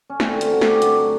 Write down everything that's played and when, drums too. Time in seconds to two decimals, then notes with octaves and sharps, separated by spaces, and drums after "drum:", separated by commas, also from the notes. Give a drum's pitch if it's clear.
0.10 C#4
0.20 D3 C4, drum: snare
0.35 A3
0.41 F4, drum: hi-hat
0.51 F#3 F#4
0.61 F#3 G4, drum: snare
0.75 G4
0.82 G2 F#4, drum: hi-hat
0.97 F#3